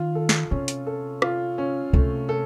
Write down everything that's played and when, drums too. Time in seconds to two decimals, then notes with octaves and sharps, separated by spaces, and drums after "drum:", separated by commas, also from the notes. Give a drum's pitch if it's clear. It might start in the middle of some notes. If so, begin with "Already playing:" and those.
Already playing: D#3 F4
0.15 A4
0.29 drum: snare
0.51 C3 C#4
0.68 drum: hi-hat
0.87 A4
1.22 F4, drum: rim click
1.58 C#4
1.93 C3 A3, drum: kick C#2
2.29 A4